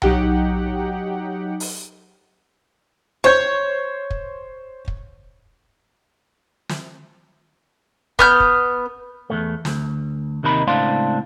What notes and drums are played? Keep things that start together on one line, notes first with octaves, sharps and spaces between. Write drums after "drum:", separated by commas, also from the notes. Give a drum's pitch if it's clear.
F#3 D#4 G4 F#5 G5, drum: tom B1
drum: open hi-hat
C5 C#5 G6
drum: kick
drum: kick
drum: snare
B3 F6 G6, drum: kick
drum: kick
E2 G#2 A3
D2, drum: snare
D#2 C3 D#3 D#4 B5
C#2 A2 C4 D4 F5 C6